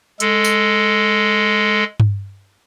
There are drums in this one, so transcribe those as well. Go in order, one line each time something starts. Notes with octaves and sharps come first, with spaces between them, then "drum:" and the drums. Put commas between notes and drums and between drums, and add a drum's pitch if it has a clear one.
G#3 A4, drum: hi-hat
drum: tambourine
drum: tom G2